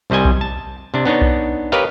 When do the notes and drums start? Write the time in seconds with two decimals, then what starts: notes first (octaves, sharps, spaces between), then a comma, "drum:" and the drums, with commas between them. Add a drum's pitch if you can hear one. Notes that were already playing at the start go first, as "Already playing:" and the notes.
0.10 C2 C3 G3 D#5 G#5
0.25 drum: kick B1
0.41 A5
0.94 C3 D4
1.05 B3 D4 D#4 C#5
1.22 drum: kick B1
1.72 G4 A#4 B4 C#5 D#5 F5